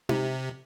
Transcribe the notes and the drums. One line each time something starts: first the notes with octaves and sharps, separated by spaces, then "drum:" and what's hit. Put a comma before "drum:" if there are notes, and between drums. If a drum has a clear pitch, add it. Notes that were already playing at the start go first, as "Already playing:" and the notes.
C3, drum: tom D#4